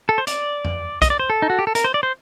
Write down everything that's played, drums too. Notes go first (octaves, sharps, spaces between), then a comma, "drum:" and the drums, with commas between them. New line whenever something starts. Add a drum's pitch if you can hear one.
A4
C5
D5, drum: hi-hat
drum: tom F2
D#5, drum: kick, hi-hat
D5
C5
A4
D#4
F#4
G4
A4
A#4, drum: hi-hat
C5
D5
C5